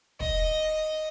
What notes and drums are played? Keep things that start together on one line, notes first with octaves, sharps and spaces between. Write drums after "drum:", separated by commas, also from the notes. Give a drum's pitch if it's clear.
D#5, drum: kick